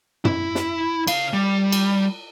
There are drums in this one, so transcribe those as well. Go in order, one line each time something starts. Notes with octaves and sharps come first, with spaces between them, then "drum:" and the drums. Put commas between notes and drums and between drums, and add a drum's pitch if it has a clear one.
E4, drum: tom
drum: snare
C#3 F5, drum: cymbal
G3
drum: cymbal